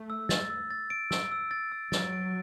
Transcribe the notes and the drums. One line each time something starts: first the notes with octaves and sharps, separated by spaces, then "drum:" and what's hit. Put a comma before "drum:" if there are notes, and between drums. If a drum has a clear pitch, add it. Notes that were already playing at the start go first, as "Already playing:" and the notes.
Already playing: A3
E6
A6, drum: snare
E6
A6
D7
E6, drum: snare
E6
A6
E6
F#3 A6, drum: snare
D7